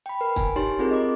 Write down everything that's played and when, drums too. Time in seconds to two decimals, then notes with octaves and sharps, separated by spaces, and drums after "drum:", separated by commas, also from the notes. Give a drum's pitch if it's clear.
0.06 G5 B5
0.21 A#4 B4
0.36 G#5, drum: kick, hi-hat
0.56 D#4 G4 C#5 C6
0.79 C4 F4 G#4 A#4
0.91 D#5 D6